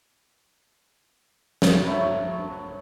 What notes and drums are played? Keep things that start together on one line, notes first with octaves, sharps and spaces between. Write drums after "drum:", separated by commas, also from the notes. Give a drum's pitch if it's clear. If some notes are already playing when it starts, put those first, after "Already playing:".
drum: snare
F#3 A3 B5